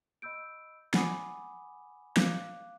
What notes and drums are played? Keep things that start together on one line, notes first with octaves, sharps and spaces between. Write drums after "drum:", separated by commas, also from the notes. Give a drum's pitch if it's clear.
D#5 B5 E6 G6 D7
F#5 G#5 B5 D6 D#6, drum: snare
F5 D6 F#6, drum: snare